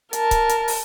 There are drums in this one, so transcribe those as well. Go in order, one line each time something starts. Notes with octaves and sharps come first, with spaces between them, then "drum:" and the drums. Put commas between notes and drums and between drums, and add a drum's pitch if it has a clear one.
A#4 A5, drum: hi-hat
drum: kick C#1, hi-hat
drum: hi-hat
drum: open hi-hat